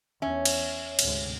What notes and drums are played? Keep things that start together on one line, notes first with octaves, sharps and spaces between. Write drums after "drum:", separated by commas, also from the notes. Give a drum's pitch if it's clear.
E2 C#4 C#5 E5
drum: cymbal
D2 G#2 C3, drum: cymbal